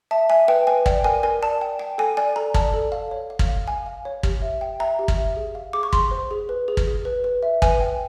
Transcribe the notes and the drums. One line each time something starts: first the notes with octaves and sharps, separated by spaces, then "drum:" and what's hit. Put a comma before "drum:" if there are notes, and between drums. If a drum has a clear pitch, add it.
E5 A5
E5 G#5
B4 G5
B4 G#5
D5 G5, drum: kick
A#4 G#5
A#4 G#5
D5 A5
G5
G5
A4 G#5
D5 G#5
A4 A#5
D5 A5, drum: kick
A4
F5
C#5
F5
drum: kick
F5
F5 G#5
F5
C#5
G4, drum: kick
E5
G5
E5 A#5
G4
drum: kick
E5
G#4
F5
G#4 D6
C#6
G#4 C6, drum: kick
C5
G#4
B4
G#4
drum: kick
G#4
B4
B4
E5
B4 G#5, drum: kick
G5